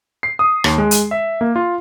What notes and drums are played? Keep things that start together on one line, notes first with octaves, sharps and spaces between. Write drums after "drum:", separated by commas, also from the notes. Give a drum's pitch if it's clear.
C7
D#6
D#2, drum: rim click
G#3
drum: hi-hat
E5
A#3
F4